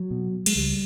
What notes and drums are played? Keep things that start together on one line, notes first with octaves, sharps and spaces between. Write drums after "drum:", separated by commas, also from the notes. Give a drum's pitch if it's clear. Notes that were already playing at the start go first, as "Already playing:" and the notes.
Already playing: F#3
B2
G#3, drum: cymbal
C#2 G3